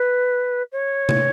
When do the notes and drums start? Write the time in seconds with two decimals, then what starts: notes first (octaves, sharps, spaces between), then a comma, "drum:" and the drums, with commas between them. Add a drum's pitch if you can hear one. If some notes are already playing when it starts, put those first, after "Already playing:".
Already playing: B4
0.72 C#5
1.09 drum: tom C3